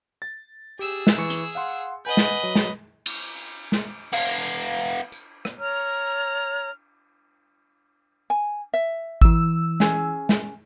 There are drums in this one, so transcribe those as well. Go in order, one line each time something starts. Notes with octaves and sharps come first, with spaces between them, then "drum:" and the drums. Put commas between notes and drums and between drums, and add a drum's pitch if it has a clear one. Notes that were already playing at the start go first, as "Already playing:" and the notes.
A6
G4 G#4 E6 E7
drum: snare
E3 C#6 C#7
drum: hi-hat
F5 F#5 C6
B4 D#5 F#5 G#5 G6
drum: snare
F#3
drum: snare
drum: cymbal
drum: snare
B3 F5, drum: cymbal
drum: tambourine
drum: rim click
C#5 A#5 F6
G#5
E5
E3 E6, drum: kick G#1
C#4 G#4, drum: snare
drum: snare